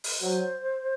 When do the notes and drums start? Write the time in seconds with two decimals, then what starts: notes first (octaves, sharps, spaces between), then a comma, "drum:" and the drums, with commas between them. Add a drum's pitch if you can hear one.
0.04 drum: open hi-hat
0.21 F#3 C5